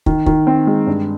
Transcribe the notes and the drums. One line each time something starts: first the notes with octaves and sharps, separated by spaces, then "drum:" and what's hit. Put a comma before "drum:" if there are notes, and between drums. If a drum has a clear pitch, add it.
D#3, drum: kick
D#3, drum: kick
C4
G#3
G2